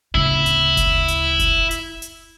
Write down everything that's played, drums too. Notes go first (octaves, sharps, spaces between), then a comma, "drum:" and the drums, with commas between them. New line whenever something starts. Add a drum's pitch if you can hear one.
D1 C#3 E4
drum: hi-hat
drum: kick F#1, hi-hat
drum: hi-hat
drum: kick F#1, hi-hat
drum: hi-hat
drum: hi-hat